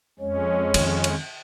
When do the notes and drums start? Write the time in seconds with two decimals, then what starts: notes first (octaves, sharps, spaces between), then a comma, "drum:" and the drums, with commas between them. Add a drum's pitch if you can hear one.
0.20 F2 G#3 C#4 C#5
0.74 D#3, drum: cymbal
1.04 drum: cymbal